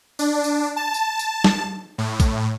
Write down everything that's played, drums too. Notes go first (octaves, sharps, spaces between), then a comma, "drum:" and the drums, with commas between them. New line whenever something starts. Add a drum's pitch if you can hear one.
D4, drum: tambourine
drum: tambourine
A5
drum: tambourine
drum: tambourine
drum: snare
A2
drum: kick A#1, tambourine